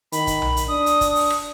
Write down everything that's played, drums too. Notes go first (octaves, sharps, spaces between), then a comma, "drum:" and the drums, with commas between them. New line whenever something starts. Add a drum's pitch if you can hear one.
D#3 B5, drum: hi-hat
drum: kick, hi-hat
drum: tom B1
drum: hi-hat
D4 D#6
drum: hi-hat
drum: kick, hi-hat
drum: open hi-hat
drum: rim click